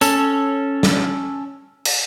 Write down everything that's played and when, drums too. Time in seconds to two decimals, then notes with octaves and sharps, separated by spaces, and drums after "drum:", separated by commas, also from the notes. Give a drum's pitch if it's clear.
0.01 C#4 A4, drum: tambourine
0.83 drum: snare
1.85 drum: cymbal